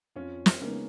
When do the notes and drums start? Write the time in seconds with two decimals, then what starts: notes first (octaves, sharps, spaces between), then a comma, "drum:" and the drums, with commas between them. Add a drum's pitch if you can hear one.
0.16 F2 C#4 F4
0.46 drum: snare
0.61 C#3 G#3 A#3 B3 C#4 D#4